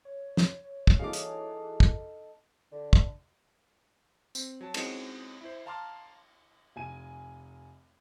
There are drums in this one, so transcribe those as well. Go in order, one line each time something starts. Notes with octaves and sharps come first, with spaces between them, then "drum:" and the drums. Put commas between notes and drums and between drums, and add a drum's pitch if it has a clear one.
C#5
drum: snare
drum: kick
E3 D#4 F#4 G#4 A4 F5 D6
drum: hi-hat
drum: kick
D3
drum: kick
C4, drum: tambourine
F#3 A5
G#3 C4 C#4 D#4 F#4 G#4, drum: cymbal
E4 C5
F5 A5 A#5 C6 D6 F6
F1 G#5 D#7